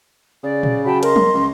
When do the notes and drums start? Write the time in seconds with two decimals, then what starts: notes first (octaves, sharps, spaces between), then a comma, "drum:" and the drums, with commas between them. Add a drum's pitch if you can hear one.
0.43 C#3 D5
0.63 drum: tom A#2
0.86 F#3 G5 A5 B5
1.03 A#4 D#5 C6, drum: cymbal
1.16 drum: tom F3
1.34 C#2